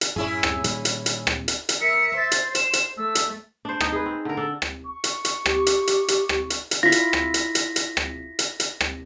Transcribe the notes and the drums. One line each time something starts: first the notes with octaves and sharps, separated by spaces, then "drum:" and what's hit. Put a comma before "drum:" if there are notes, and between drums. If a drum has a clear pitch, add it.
drum: hi-hat
F#2 A2 C#4 E4 G#4
drum: rim click
A#2 D#3 G3, drum: hi-hat
drum: hi-hat
drum: hi-hat
drum: rim click
drum: hi-hat
drum: hi-hat
A#4 E5 C#7
C5 A6
drum: hi-hat
E7, drum: hi-hat
drum: hi-hat
A3 E6
drum: hi-hat
D4 C5
D#4 D#5, drum: rim click
G#4 B4
C4
D3 A#4
D4 A4
drum: rim click
C#6
drum: hi-hat
drum: hi-hat
G4, drum: rim click
drum: hi-hat
drum: hi-hat
drum: hi-hat
drum: rim click
drum: hi-hat
drum: hi-hat
E4 F4 A#6 B6
drum: hi-hat
drum: rim click
drum: hi-hat
drum: hi-hat
drum: hi-hat
drum: rim click
drum: hi-hat
drum: hi-hat
drum: rim click